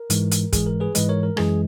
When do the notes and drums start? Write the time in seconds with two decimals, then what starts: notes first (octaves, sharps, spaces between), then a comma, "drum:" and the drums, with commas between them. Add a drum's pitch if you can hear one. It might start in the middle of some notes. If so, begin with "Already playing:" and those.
Already playing: A#4
0.10 G#2 E3 G#3, drum: hi-hat
0.31 drum: hi-hat
0.53 G#2 E3 G#3 G#4, drum: kick, hi-hat
0.66 A#4
0.80 G#4 B4
0.95 G#2 E3 G#3 B4 D#5, drum: hi-hat
1.09 A#4 C#5
1.23 A#4
1.37 F#2 E3 G#3 G#4, drum: rim click